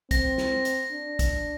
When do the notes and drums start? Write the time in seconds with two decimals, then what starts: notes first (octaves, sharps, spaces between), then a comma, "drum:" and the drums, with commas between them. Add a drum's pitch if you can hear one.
0.11 C4 A#6, drum: kick, hi-hat
0.38 drum: snare
0.65 drum: hi-hat
0.92 D4
1.19 drum: kick, hi-hat